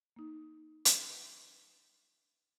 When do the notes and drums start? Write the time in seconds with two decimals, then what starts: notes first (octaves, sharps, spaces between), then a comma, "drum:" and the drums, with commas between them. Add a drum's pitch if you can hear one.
0.16 A#3 D#4
0.85 drum: hi-hat